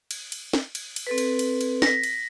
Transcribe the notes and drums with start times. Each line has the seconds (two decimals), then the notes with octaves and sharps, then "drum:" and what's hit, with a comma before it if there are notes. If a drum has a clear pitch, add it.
0.11 drum: cymbal
0.32 drum: cymbal
0.53 drum: snare
0.75 drum: cymbal
0.96 drum: cymbal
1.07 C4 A4 B4
1.18 drum: cymbal
1.39 drum: cymbal
1.61 drum: cymbal
1.82 A#6 B6, drum: snare
2.03 drum: cymbal